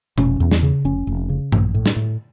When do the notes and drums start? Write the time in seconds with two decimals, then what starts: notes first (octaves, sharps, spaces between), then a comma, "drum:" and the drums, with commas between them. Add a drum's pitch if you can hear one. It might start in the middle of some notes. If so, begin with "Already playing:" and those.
0.18 F1 C#4, drum: tom B2
0.40 E2
0.51 drum: snare
0.63 C#3
0.85 F1 C#4
1.07 F1
1.29 C#3
1.52 A#1, drum: tom G2
1.74 A2
1.86 drum: snare
1.96 A2